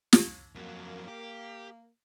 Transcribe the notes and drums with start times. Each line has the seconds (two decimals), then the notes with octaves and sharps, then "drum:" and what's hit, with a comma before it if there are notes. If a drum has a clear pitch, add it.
0.13 drum: snare
0.55 F2 F#3 A#3
1.08 G4